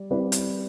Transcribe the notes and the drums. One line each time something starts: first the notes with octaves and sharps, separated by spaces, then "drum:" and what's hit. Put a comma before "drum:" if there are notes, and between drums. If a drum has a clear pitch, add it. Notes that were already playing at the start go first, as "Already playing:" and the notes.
Already playing: G3 D5
G3 C4 E4 B4 D5
drum: hi-hat